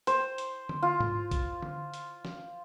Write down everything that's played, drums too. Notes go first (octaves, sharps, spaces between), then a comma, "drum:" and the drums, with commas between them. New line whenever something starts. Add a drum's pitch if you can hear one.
C5, drum: hi-hat
drum: hi-hat
drum: tom D3
F4
drum: tom G#2
drum: kick B1, hi-hat
drum: tom D3
drum: hi-hat
drum: snare